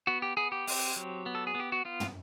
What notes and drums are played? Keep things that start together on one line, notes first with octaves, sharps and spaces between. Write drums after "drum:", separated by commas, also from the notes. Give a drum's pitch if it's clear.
B3 F#4
G4
B3 G#4
G4
C4, drum: open hi-hat
F#3
B3
A4
G#4
B3
G4
F#4
B3 F4
drum: tom